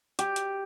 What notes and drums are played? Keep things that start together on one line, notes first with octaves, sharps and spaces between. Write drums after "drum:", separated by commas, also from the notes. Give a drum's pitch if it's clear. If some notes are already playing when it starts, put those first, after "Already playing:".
G4, drum: hi-hat
drum: hi-hat